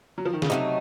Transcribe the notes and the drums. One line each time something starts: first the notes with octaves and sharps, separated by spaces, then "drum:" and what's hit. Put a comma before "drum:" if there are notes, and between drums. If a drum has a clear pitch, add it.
F#3
F3
D#3
C#3, drum: snare
C3 F#3 A3 C4 D#4